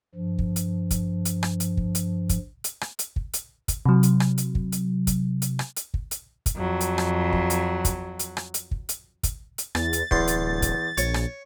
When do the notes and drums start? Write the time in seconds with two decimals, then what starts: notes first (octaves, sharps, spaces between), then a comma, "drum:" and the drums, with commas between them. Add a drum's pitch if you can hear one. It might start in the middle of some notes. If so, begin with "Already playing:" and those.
0.15 G2 F3
0.38 drum: kick
0.56 drum: hi-hat
0.91 drum: kick, hi-hat
1.25 drum: hi-hat
1.43 drum: rim click
1.60 drum: hi-hat
1.77 drum: kick
1.95 drum: hi-hat
2.29 drum: kick, hi-hat
2.64 drum: hi-hat
2.81 drum: rim click
2.99 drum: hi-hat
3.16 drum: kick
3.33 drum: hi-hat
3.68 drum: kick, hi-hat
3.86 C3 F#3
4.03 drum: hi-hat
4.20 drum: rim click
4.38 drum: hi-hat
4.55 drum: kick
4.72 drum: hi-hat
5.07 drum: kick, hi-hat
5.42 drum: hi-hat
5.59 drum: rim click
5.76 drum: hi-hat
5.94 drum: kick
6.11 drum: hi-hat
6.46 drum: kick, hi-hat
6.55 F2 F#3
6.80 drum: hi-hat
6.98 drum: rim click
7.33 drum: kick
7.50 drum: hi-hat
7.85 drum: kick, hi-hat
8.19 drum: hi-hat
8.37 drum: rim click
8.54 drum: hi-hat
8.71 drum: kick
8.89 drum: hi-hat
9.23 drum: kick, hi-hat
9.58 drum: hi-hat
9.75 E2 A6, drum: rim click
9.93 drum: hi-hat
10.11 D1 E2 C6, drum: kick
10.27 drum: hi-hat
10.62 drum: kick, hi-hat
10.97 A#1 C#5, drum: hi-hat
11.14 drum: rim click